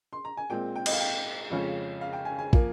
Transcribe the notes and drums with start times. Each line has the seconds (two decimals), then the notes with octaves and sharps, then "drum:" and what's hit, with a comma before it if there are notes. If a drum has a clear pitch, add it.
0.13 C6
0.25 A#5
0.37 G#5
0.50 A#2 G#3 C4 G5
0.76 G5
0.86 D#5, drum: cymbal
0.93 F5
1.00 G5
1.50 F2 C#3 G#3 C#4 F4
2.01 F5
2.13 G5
2.25 G#5
2.39 G#5
2.53 F3 A#3, drum: kick